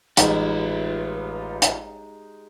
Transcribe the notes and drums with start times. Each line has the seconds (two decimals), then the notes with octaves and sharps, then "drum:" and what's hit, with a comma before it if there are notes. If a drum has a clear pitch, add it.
0.17 A1 G3 G#3 D#4 F4 B4 E5, drum: hi-hat
1.62 drum: hi-hat